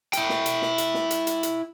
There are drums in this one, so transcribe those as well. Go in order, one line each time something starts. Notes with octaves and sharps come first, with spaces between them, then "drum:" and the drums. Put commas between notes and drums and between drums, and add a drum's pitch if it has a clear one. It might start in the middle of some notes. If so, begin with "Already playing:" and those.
E4 G5, drum: hi-hat
drum: snare
drum: hi-hat
drum: snare
drum: hi-hat
drum: snare
drum: hi-hat
drum: hi-hat
drum: hi-hat